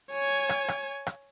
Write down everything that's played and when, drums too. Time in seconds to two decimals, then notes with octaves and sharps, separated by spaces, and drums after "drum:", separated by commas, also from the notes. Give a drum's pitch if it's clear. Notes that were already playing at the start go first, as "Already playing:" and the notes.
0.11 C#5 G#5
0.49 drum: rim click
0.68 drum: rim click
1.07 drum: rim click